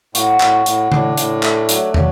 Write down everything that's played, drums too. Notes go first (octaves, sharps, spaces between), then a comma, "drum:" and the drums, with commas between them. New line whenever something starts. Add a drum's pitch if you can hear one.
A2 F#4, drum: hi-hat
A2, drum: clap
F#4
A2, drum: hi-hat
A2 D4, drum: tom C#3
A2, drum: hi-hat
A3, drum: clap
F#3, drum: hi-hat
F#3, drum: tom